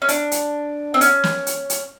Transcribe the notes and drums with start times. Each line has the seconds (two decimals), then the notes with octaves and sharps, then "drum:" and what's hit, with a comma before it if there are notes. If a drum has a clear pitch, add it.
0.02 C#4
0.09 D4, drum: hi-hat
0.32 drum: hi-hat
0.94 C4
1.01 C#4, drum: hi-hat
1.24 drum: snare
1.47 drum: hi-hat
1.70 drum: hi-hat